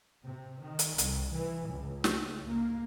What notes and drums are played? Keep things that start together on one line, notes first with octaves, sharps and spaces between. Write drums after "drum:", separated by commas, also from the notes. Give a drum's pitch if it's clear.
C3
D#3
drum: hi-hat
C2, drum: hi-hat
E3
C#2
drum: snare
A#3